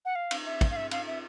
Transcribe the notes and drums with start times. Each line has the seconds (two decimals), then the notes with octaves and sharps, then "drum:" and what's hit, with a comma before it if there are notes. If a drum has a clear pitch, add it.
0.05 F#5
0.15 F5
0.31 drum: cymbal
0.46 E5
0.61 drum: kick, cymbal
0.71 F5
0.76 E5
0.91 F5, drum: cymbal
1.06 E5